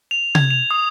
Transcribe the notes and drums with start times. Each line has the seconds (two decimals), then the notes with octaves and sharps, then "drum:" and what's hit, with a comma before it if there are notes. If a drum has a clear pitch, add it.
0.11 F7
0.35 G#6, drum: tom C3
0.50 F7
0.71 D#6